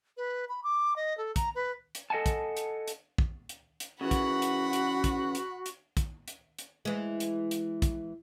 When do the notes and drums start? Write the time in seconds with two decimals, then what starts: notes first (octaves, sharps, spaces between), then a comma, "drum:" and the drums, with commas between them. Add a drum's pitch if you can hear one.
0.17 B4
0.49 B5
0.64 D6
0.96 D#5
1.18 A4
1.36 A#5, drum: kick, hi-hat
1.55 B4
1.95 drum: hi-hat
2.10 A4 D#5 F#5 G#5 A5
2.26 drum: kick, hi-hat
2.57 drum: hi-hat
2.88 drum: hi-hat
3.18 drum: kick
3.49 drum: hi-hat
3.80 drum: hi-hat
4.01 C#3 E3 F#4 F#5 B5
4.11 drum: kick, hi-hat
4.42 drum: hi-hat
4.73 drum: hi-hat
5.04 drum: kick, hi-hat
5.35 drum: hi-hat
5.66 drum: hi-hat
5.97 drum: kick, hi-hat
6.28 drum: hi-hat
6.58 drum: hi-hat
6.85 E3 G#3
7.20 drum: hi-hat
7.51 drum: hi-hat
7.82 drum: kick, hi-hat